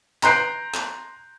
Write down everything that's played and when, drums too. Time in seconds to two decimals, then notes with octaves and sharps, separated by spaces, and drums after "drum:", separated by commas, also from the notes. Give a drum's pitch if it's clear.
0.23 A#5 C6 F#6 G6 C7 D7, drum: clap
0.74 drum: clap